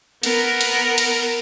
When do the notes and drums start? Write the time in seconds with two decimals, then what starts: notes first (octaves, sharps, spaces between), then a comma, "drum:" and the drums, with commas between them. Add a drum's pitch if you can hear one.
0.23 B3 A#4, drum: cymbal
0.61 drum: cymbal
0.98 drum: cymbal